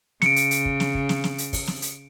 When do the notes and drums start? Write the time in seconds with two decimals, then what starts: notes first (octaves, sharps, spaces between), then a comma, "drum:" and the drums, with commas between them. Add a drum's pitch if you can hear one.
0.22 C#3 C#7 D7, drum: snare
0.36 drum: hi-hat
0.51 drum: hi-hat
0.65 drum: kick
0.80 drum: snare
0.95 drum: kick
1.09 drum: snare
1.24 drum: snare
1.38 drum: hi-hat
1.53 drum: kick, open hi-hat
1.67 drum: snare
1.82 drum: hi-hat